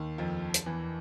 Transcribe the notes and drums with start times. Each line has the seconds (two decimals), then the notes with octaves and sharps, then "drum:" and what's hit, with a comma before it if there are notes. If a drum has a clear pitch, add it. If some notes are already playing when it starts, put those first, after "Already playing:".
Already playing: D#2 D#3
0.18 F2 F3
0.54 drum: hi-hat
0.66 E2 E3